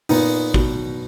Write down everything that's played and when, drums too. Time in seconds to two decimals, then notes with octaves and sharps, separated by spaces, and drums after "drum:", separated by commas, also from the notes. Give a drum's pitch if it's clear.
0.09 A#2 B3 D#4, drum: open hi-hat
0.54 B2, drum: kick